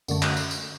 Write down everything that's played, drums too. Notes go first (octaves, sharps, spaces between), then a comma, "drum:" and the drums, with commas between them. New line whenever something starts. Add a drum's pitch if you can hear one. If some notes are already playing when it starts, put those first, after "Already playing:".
F#2 D3 A3, drum: tambourine
drum: clap
drum: tambourine
drum: tambourine